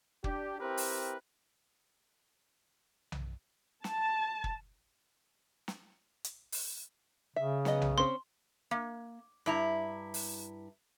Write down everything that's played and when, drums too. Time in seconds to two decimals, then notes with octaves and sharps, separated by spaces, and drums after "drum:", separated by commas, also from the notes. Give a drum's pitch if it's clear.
0.24 D4 G4, drum: kick
0.60 C4 E4 G4 A#4 B4
0.77 drum: open hi-hat
3.12 drum: tom B1
3.84 A5, drum: snare
4.44 drum: kick
5.68 drum: snare
6.24 drum: hi-hat
6.52 drum: open hi-hat
7.36 C#3 E5
7.65 F#3 B3 D#5, drum: snare
7.82 drum: tom B1
7.98 C4 C#4 C5 C6
8.71 A#3
9.46 G2 E4 A#5
10.14 drum: open hi-hat